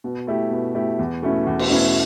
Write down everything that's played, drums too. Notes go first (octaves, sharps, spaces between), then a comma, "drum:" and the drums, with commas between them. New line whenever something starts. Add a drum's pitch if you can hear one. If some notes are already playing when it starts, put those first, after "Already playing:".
B2
A3 E4 G4
B2
A3 E4 G4
E2
B2 A3 C#4 E4
E2
drum: cymbal
B2 A3 C#4 E4